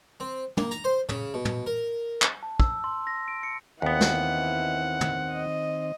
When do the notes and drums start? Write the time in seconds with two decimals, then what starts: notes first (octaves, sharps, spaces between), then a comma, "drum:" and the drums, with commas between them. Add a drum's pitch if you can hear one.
0.20 C4
0.57 A#3, drum: tom
0.71 A#5, drum: hi-hat
0.84 C5
1.09 C#3, drum: tom
1.34 B2
1.45 drum: tom
1.66 A#4
2.22 drum: clap
2.43 A5
2.60 E6, drum: kick
2.84 C6
3.07 A#6
3.28 D7
3.43 C#7
3.82 D#2 D#3 E3 B3 C4 F#5
4.01 drum: snare
5.01 drum: tom
5.31 D#5